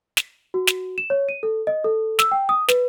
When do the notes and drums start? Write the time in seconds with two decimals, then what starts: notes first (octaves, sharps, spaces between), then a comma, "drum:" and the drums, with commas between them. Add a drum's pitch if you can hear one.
0.17 drum: snare
0.54 F#4
0.67 drum: snare
0.98 E7
1.10 C#5
1.29 D#7
1.43 A4
1.67 D#5
1.84 A4
2.19 E6, drum: snare
2.32 G5
2.49 D#6
2.68 B4, drum: snare